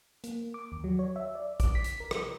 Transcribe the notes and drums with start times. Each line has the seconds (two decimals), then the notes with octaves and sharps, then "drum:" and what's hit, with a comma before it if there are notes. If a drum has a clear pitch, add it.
0.24 A#3, drum: hi-hat
0.54 D6
0.72 D#2
0.84 F#3
0.99 C#5
1.16 E5
1.35 D5
1.60 D6, drum: kick, hi-hat
1.75 B6
1.84 drum: hi-hat
2.00 A#4
2.11 drum: rim click